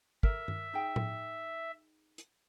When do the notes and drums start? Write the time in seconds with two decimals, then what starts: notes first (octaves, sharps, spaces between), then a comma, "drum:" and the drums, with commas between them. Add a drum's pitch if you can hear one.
0.23 A#4 E5, drum: kick
0.48 drum: tom G2
0.73 D#4 G#4 G5
0.96 drum: tom A2
2.18 drum: hi-hat